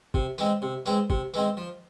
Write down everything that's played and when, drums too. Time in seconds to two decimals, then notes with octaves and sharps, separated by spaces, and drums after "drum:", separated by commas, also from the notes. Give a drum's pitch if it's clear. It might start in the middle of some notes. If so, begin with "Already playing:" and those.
0.14 C3, drum: kick F#1
0.38 E3 G#3 C4, drum: tambourine
0.62 C3
0.86 E3 G#3 C4, drum: tambourine
1.10 C3, drum: kick F#1
1.34 E3 G#3 C4, drum: tambourine
1.57 F3